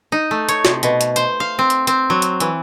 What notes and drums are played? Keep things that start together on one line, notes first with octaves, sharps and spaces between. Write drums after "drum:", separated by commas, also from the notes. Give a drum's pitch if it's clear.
D#4
A3
C#5, drum: hi-hat
C3, drum: snare
B2, drum: hi-hat
drum: hi-hat
C5, drum: hi-hat
F5
C4
drum: hi-hat
C4, drum: hi-hat
F#3
drum: hi-hat
E3, drum: hi-hat